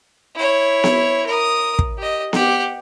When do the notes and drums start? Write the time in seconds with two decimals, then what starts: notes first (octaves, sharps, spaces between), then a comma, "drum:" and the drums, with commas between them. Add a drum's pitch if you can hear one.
0.35 E4 C#5
0.84 drum: snare B3
1.26 A#4 D#6
1.79 drum: kick
1.98 G4 D#5
2.33 G4 F#5, drum: snare B3